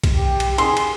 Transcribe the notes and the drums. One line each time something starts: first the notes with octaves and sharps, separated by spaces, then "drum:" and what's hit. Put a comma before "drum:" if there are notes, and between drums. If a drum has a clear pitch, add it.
drum: kick B1, cymbal
G4
drum: cymbal
G#4 C6, drum: cymbal
drum: cymbal